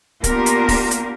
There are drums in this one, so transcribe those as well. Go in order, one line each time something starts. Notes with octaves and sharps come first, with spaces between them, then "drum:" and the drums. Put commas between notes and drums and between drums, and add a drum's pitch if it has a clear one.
A#3 B3 D4 F4 G4 A#4, drum: kick C#1, hi-hat
drum: hi-hat
drum: kick C#1, open hi-hat
drum: hi-hat